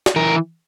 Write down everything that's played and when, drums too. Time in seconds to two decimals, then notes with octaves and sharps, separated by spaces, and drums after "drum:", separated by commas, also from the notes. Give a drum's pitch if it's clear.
0.06 drum: snare
0.16 E3 A#4